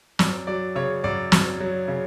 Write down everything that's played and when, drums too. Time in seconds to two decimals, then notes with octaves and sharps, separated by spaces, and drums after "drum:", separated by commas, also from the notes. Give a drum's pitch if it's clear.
0.19 F#2 D5, drum: snare
0.47 F#3 D5
0.75 C#3 C#5
1.04 F#2 D5
1.32 F#2, drum: snare
1.60 F#3
1.88 C#3